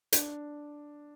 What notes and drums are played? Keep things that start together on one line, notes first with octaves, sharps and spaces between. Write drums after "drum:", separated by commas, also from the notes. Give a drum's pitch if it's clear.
D4, drum: hi-hat